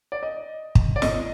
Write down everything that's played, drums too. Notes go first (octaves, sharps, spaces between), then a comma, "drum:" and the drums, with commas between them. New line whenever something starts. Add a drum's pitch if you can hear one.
D5
D#5
drum: kick
D5
D#5, drum: snare